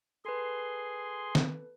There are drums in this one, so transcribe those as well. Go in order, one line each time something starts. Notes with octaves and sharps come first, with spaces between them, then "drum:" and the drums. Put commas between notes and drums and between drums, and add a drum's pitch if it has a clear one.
G#4 A4 B4 C6
drum: snare